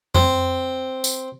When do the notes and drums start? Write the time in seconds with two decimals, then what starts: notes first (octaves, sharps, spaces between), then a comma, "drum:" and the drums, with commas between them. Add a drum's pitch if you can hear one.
0.15 C4, drum: tom F2
1.04 drum: tambourine